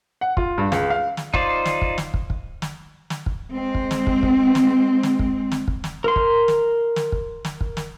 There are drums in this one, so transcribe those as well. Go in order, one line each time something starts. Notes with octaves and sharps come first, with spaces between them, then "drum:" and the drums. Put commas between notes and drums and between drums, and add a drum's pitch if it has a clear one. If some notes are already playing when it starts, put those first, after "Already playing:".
F#5
F4, drum: kick
G2
C#2, drum: snare
F5
drum: snare
D#4 F4 C5 D5, drum: kick
drum: snare
drum: kick
drum: snare
drum: kick
drum: kick
drum: snare
drum: snare
drum: kick
G#3 C4
drum: kick
drum: snare
drum: kick
drum: kick
drum: snare
drum: snare
drum: kick
drum: snare
drum: kick
drum: snare
A#4 C6
drum: kick
drum: snare
drum: snare
drum: kick
drum: snare
drum: kick
drum: snare